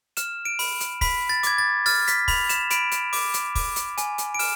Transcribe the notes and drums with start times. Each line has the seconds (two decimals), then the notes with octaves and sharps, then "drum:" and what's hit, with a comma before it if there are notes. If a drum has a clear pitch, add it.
0.17 F6 E7, drum: hi-hat
0.45 D7
0.59 B5, drum: open hi-hat
0.80 drum: hi-hat
1.01 B5 B6, drum: kick, open hi-hat
1.29 A6
1.43 D6 G#6, drum: hi-hat
1.58 A6
1.86 F6 A6, drum: open hi-hat
2.08 B6, drum: hi-hat
2.28 B5 F7, drum: kick, open hi-hat
2.49 E7, drum: hi-hat
2.70 B5 D7, drum: hi-hat
2.91 drum: hi-hat
3.13 D6, drum: open hi-hat
3.34 drum: hi-hat
3.55 D6, drum: kick, open hi-hat
3.76 drum: hi-hat
3.98 G#5, drum: hi-hat
4.18 drum: hi-hat
4.34 D7
4.39 F6 E7, drum: open hi-hat